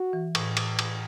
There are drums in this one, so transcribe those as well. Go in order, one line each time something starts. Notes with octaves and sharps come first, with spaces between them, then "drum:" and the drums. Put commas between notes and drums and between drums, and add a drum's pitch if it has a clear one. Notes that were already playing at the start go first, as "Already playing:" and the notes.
Already playing: F#4
E3
A2, drum: cymbal
drum: cymbal
drum: cymbal